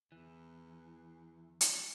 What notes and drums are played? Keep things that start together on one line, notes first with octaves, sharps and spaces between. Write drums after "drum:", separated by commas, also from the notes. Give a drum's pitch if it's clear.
E2 E3
drum: hi-hat